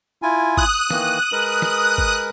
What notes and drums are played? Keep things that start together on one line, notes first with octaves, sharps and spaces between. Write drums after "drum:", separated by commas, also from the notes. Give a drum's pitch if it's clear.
E4 F4 G#5
D#6 F#6, drum: kick G#1
D#3 E3 A#3, drum: snare
G#3 A#4 B4
drum: snare
drum: kick G#1